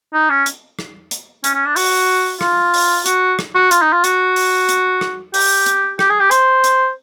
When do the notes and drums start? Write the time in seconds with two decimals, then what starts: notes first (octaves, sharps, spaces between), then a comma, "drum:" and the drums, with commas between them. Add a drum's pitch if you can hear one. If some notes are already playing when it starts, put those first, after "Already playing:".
0.14 D#4
0.30 C#4
0.46 drum: hi-hat
0.79 drum: rim click
1.11 drum: hi-hat
1.44 C#4, drum: hi-hat
1.55 C#4
1.66 D4
1.76 F#4, drum: open hi-hat
2.41 F4, drum: rim click
2.74 drum: open hi-hat
3.06 F#4, drum: hi-hat
3.39 drum: rim click
3.55 F#4
3.71 F4, drum: hi-hat
3.82 D#4
3.93 F4
4.04 F#4, drum: hi-hat
4.36 drum: open hi-hat
4.69 drum: hi-hat
5.01 drum: rim click
5.34 G4, drum: open hi-hat
5.66 drum: hi-hat
5.99 G4, drum: rim click
6.10 G#4
6.20 G4
6.31 C5, drum: hi-hat
6.64 drum: hi-hat